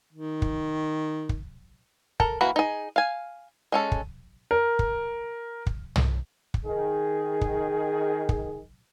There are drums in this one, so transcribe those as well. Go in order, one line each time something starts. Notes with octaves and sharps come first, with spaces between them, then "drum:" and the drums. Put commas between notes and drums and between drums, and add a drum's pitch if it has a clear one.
D#3
drum: kick
drum: kick
A4 A#4, drum: kick
E3 A#3 F#4 B5
D#4 G#4
F5 G#5
G#3 C#4 A4
drum: kick
A#4
drum: kick
drum: kick
drum: tom
drum: kick
D#3 G#4
drum: kick
drum: kick